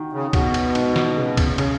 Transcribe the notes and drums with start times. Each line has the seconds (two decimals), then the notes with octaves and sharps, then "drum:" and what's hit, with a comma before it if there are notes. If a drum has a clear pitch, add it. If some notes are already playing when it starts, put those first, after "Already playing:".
Already playing: D#3 F#4
0.12 C#3
0.33 B2 F#4, drum: kick C2, cymbal
0.54 drum: cymbal
0.75 G#2, drum: cymbal
0.96 drum: snare
1.16 C#3
1.37 drum: kick C2, cymbal
1.58 C#3, drum: cymbal